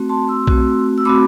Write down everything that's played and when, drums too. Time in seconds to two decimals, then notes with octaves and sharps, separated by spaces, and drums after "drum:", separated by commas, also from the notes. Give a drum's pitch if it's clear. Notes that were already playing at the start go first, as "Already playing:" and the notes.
Already playing: A3 C4 F#4
0.09 A5 C6
0.28 C6 E6
0.47 A3 C4 F#4, drum: kick B1
0.98 E6
1.05 A3 C4 F#4 B5 D6